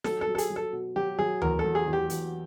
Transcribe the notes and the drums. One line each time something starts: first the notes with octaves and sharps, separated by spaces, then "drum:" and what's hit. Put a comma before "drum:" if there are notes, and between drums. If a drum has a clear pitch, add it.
F#3 A4, drum: snare
A4
F#3
A4
G#4, drum: hi-hat
F#3
A4
B2
F#3 G4
F#3 G#4
E2 A#4, drum: tom D2
A4
F#3
G#4
E2
G4
E2, drum: hi-hat